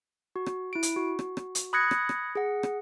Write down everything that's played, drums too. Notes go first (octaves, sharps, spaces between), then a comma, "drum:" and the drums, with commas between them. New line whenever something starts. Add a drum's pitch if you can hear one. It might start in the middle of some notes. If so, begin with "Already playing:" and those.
F#4
drum: rim click
E4 D7
drum: hi-hat
F#4
drum: rim click
drum: rim click
drum: hi-hat
B5 D#6 F#6 G#6 A#6 C#7
drum: rim click
drum: rim click
G#4 F#5
drum: rim click